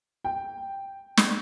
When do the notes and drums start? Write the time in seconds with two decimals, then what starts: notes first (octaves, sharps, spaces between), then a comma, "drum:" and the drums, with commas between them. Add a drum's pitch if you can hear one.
0.25 G5
1.17 drum: snare